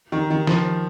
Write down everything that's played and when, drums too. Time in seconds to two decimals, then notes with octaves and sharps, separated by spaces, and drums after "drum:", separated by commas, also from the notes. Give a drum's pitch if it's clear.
0.12 D#3
0.30 D#3
0.47 F3, drum: snare